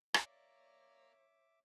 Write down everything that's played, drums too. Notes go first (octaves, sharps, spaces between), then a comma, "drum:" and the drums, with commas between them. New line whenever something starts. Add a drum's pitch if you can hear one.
A#4 C#5 D5 E5 F5 D6, drum: rim click